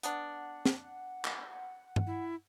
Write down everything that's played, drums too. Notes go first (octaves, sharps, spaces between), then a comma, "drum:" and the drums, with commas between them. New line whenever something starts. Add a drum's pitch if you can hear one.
B3 D4 F#5, drum: hi-hat
drum: snare
drum: clap
drum: tom G2
E4